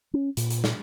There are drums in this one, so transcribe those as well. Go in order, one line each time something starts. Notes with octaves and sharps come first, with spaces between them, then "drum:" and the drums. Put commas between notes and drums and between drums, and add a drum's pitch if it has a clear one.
C#4
A#2, drum: hi-hat
drum: hi-hat
drum: snare